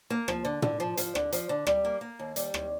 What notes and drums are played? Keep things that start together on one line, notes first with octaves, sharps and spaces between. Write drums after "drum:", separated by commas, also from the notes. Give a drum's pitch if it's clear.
A#3
F3, drum: rim click
D3
D3, drum: tom
F3
F3, drum: hi-hat
D3, drum: rim click
F3, drum: hi-hat
D3
G3, drum: rim click
A#3
A#3
D#2
G3, drum: hi-hat
D#2, drum: rim click